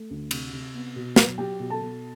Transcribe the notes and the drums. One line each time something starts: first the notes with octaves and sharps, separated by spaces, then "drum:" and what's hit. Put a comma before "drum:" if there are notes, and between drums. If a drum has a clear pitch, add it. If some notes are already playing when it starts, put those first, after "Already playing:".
Already playing: A3
D2
C3, drum: cymbal
C3
B3
B2
F#3, drum: snare
F#3 G4 G5
B2
A4 A5
B2